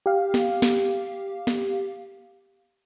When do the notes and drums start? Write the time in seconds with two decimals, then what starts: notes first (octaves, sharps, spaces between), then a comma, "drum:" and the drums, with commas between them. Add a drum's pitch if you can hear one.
0.06 G4 F5
0.34 drum: snare
0.62 drum: snare
1.47 drum: snare